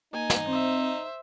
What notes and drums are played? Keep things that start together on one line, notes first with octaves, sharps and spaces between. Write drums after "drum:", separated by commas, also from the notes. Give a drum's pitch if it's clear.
A#3 D#4 G#5
drum: snare
C4 C5 E5